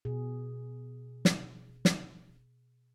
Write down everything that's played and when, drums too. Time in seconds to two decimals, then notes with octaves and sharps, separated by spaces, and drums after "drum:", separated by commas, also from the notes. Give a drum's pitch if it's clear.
0.05 B2 G#4
1.25 drum: snare
1.85 drum: snare